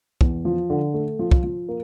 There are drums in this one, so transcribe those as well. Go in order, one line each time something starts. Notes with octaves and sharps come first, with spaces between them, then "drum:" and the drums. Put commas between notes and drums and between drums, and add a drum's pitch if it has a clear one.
E2, drum: kick
F3
D3
A3
F3
drum: kick
F3
A#3